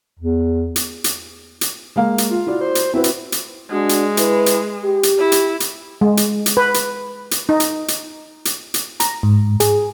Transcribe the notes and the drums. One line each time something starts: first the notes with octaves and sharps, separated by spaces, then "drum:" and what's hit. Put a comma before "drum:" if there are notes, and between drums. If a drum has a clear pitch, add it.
E2
drum: hi-hat
drum: hi-hat
drum: hi-hat
G#3 A#3 F5
drum: hi-hat
F4
E4 F#4 D5
C5
drum: hi-hat
C4 E4 F#4 B4
drum: hi-hat
drum: hi-hat
G#3 D4 F#4
drum: hi-hat
E4 B4, drum: hi-hat
drum: hi-hat
G4
drum: hi-hat
E4
drum: hi-hat
drum: hi-hat
G#3
drum: hi-hat
drum: hi-hat
B4
drum: hi-hat
drum: hi-hat
D#4
drum: hi-hat
drum: hi-hat
drum: hi-hat
drum: hi-hat
A#5, drum: hi-hat
G#2
G#4, drum: hi-hat